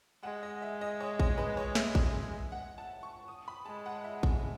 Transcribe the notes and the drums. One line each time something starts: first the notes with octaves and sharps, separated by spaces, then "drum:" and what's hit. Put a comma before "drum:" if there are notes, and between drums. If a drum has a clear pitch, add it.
G#3 F#5
D#5
E5
D#5
C#5
D#5, drum: kick A1
B4
C#5
E5, drum: snare
drum: kick A1
F#5
A5
C#6
D#6
B5
G#3 A5
F#5
E5
drum: kick A1